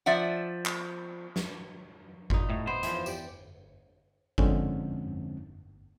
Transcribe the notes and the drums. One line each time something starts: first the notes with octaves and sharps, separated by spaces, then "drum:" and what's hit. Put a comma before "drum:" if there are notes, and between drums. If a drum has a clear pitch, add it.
F3 D5 E5 F#5
drum: clap
drum: snare
A#2 D#4, drum: kick G1
A2
B3 C5
E3 F3, drum: hi-hat
G4 D5, drum: tambourine
D3 F3 G#3 C4 C#4 D#4, drum: kick G1